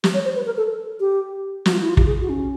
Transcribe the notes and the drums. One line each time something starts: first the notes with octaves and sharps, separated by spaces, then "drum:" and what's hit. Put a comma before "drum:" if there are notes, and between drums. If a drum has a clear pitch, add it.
G4, drum: snare
C#5
C5
B4
A#4
A4
G4
F#4, drum: snare
F4
E4
F4
G4, drum: kick
G#4
F#4
C#4